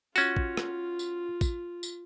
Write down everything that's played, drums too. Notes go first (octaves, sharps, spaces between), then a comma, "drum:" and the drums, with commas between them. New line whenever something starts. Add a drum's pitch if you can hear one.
C#4 F4 F#4, drum: tambourine
drum: kick
drum: rim click
drum: tambourine
drum: kick, tambourine
drum: tambourine